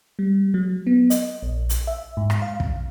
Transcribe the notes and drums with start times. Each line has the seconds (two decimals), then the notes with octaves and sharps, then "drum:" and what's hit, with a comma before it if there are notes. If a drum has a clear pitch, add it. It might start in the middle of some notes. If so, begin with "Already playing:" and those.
0.19 G3
0.54 F#3
0.87 B3
1.10 D#5, drum: hi-hat
1.43 A#1
1.69 drum: hi-hat
1.87 E5
2.17 G#2
2.30 drum: rim click
2.42 F5
2.60 drum: kick